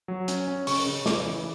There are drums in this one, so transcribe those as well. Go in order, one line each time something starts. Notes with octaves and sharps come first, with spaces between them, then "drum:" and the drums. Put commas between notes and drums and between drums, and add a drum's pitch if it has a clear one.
F#3
C#4, drum: hi-hat
C#4
C#3 C#6, drum: open hi-hat
C#3
C#3 D6, drum: snare
E3